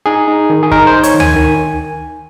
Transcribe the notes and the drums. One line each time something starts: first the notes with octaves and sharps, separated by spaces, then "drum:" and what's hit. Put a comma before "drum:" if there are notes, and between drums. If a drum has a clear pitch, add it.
D#4 G#4
D#4
D#3
G#4
D#4 A#4, drum: kick
C5
D#4
C#5, drum: hi-hat
D#3
G#5, drum: tom D2
D#3